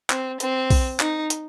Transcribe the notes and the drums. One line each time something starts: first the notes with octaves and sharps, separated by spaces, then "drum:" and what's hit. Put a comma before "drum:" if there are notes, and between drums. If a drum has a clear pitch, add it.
C4, drum: clap
C4, drum: hi-hat
drum: kick B1, open hi-hat
D#4, drum: clap
drum: hi-hat